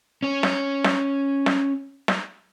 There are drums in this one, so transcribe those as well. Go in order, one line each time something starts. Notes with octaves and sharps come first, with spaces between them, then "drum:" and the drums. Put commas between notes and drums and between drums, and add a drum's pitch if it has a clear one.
C#4 C#5
drum: snare
drum: snare
drum: snare
drum: snare